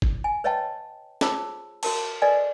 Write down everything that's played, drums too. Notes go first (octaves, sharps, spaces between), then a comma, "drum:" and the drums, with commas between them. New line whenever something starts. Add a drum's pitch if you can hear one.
drum: kick
G#5
B4 C#5 D#5 F5 G5 A5
F4 G#4 C5 C#5 A5 E6, drum: snare
F#4 A#4 A5, drum: cymbal
A4 B4 D5 D#5 G#5